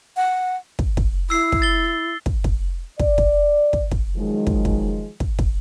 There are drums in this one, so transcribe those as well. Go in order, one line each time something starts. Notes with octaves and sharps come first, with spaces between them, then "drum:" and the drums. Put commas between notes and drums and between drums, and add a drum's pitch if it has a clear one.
F#5
drum: kick
drum: kick
E4 E6 C7
drum: kick
A6 G7
drum: kick
drum: kick
D5, drum: kick
drum: kick
drum: kick
drum: kick
D#3 F3 F#3 G#3
drum: kick
drum: kick
drum: kick
drum: kick